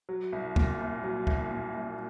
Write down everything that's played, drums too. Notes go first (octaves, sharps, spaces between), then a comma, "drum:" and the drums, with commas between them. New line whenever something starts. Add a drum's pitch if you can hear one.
F#3
C2
A#2, drum: kick
C2
F#3
C2, drum: kick
A#2
C2